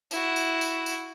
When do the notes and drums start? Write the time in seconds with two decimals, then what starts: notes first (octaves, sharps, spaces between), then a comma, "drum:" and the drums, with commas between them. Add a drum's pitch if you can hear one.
0.11 E4 F#4, drum: tambourine
0.36 drum: tambourine
0.61 drum: tambourine
0.86 drum: tambourine